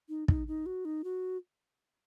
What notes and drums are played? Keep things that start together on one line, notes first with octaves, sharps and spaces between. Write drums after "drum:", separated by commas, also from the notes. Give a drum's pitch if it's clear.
D#4
D#4, drum: kick
D#4
F#4
D#4
F#4